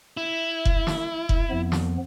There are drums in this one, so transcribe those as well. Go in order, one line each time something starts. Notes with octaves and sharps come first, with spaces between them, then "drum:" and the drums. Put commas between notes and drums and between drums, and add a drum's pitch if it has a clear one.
E4
drum: kick F1
drum: snare
drum: kick F1
F2 F3 B3
drum: snare